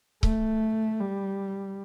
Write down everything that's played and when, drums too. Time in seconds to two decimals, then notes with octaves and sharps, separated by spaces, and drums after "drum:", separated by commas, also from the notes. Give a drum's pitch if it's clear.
0.23 A3, drum: kick C#1
1.00 G3